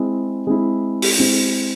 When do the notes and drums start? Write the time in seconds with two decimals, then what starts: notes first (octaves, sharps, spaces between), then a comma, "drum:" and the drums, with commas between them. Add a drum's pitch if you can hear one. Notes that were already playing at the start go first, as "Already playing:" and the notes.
Already playing: G#3 C4 E4
0.47 G#3 C4 E4
1.02 drum: open hi-hat
1.18 G#3 C4 E4